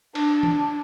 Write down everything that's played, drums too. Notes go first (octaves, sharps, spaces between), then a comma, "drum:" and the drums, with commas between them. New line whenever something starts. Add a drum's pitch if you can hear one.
D4, drum: cymbal
drum: tom